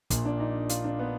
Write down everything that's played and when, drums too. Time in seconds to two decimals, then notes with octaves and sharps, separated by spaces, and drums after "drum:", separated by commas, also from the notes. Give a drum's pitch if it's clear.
0.10 A#1 A#2 A#3, drum: kick, hi-hat
0.25 D4
0.40 D#4
0.69 F4, drum: hi-hat
0.84 D4
0.99 B3